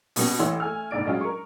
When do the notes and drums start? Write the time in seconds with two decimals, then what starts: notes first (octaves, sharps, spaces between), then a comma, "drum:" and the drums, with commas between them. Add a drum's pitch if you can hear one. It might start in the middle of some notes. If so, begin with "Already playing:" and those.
0.16 B2 G3 B3 C#4, drum: open hi-hat
0.39 A1 A2 E3 C#5 C6 E6
0.60 A3 G#5 F6
0.91 F1 A#1 G#2 D5 D7
1.06 F#3 G#3 C#4 F4 G#4
1.21 A#4 C#6